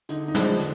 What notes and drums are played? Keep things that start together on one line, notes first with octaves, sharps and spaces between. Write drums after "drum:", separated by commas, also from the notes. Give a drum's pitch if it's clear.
D3 D#4, drum: hi-hat
D#4
F3 G#3 D4, drum: snare
D3, drum: hi-hat